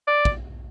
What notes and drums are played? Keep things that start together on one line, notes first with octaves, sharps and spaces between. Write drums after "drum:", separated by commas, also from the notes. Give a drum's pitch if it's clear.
D5
drum: kick